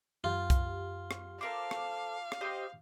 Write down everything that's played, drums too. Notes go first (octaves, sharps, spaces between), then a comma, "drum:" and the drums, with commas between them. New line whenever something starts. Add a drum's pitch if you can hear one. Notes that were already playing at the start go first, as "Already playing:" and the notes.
F#2 F4 G4
drum: kick C2, hi-hat
drum: rim click
A4 A#4 C5 F5 D6
drum: rim click
drum: rim click
G4 C5 D#5